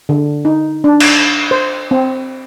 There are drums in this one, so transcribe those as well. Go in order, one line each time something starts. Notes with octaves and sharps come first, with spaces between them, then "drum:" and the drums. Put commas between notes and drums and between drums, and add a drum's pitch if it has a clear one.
D3
D#4
D4
drum: cymbal
C5
C4